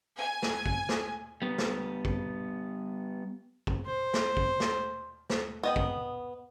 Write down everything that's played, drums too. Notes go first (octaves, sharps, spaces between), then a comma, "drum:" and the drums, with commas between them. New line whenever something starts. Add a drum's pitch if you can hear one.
G#5
drum: snare
drum: kick
drum: snare
G3 B3
drum: snare
drum: kick
drum: kick
C5
drum: snare
drum: kick
drum: snare
drum: snare
B3 D#5 G5
drum: kick